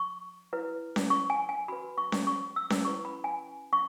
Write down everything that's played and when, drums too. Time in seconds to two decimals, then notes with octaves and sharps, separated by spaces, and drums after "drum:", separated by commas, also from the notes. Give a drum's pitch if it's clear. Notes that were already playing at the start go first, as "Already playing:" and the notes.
Already playing: C#6
0.53 E4 B4
0.96 drum: snare C#4
1.10 C#6
1.30 G#5
1.49 G#5
1.68 F#4 B4 B5
1.98 C#6
2.12 drum: snare C#4
2.27 C#6
2.56 E6
2.70 drum: snare C#4
2.85 C#4 E4 B4 C#6
3.05 B5
3.24 G#5
3.73 C#6